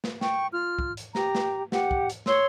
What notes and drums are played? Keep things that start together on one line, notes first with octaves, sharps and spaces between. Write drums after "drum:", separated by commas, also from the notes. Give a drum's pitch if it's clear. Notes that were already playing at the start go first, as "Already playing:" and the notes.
drum: snare
G5 C#6, drum: snare
F4 F6
drum: kick
drum: hi-hat
G4 A#5, drum: snare
drum: snare
G4 F#5, drum: snare
drum: kick
drum: hi-hat
C#5 C6 E6, drum: snare